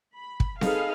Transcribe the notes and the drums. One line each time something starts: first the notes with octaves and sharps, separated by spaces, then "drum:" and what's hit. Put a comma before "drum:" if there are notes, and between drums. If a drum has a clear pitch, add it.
B5
drum: kick
D#4 G#4 A4 B4 F5, drum: snare C4